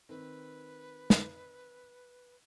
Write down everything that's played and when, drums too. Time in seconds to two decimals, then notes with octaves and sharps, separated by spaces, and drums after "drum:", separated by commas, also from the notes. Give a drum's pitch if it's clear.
0.09 D#3 C4 B4
1.10 drum: snare